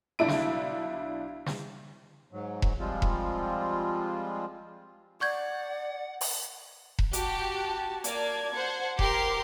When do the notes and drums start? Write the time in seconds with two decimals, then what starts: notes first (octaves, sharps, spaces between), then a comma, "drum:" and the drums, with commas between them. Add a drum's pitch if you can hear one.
0.19 B1 D4 E4 D7
0.28 drum: snare
1.46 drum: snare
2.32 G#2 F#3
2.62 drum: kick E1
2.79 F3 G3 G#3 C4 F4
3.02 drum: kick E1
5.21 D5 F#5 C#6 G6 G#6
6.21 drum: open hi-hat
6.99 drum: kick E1
7.13 F#4 G4 A5, drum: hi-hat
8.04 A#3 D5 A5 G#6, drum: hi-hat
8.54 C5 F#5
8.99 G4 A#4 C6 D6, drum: kick E1